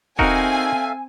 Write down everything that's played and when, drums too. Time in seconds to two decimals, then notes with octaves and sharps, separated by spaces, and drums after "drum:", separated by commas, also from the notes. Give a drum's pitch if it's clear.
0.19 C4 D#4 F#4 A4 A#4 E5 F5 G#5, drum: kick E1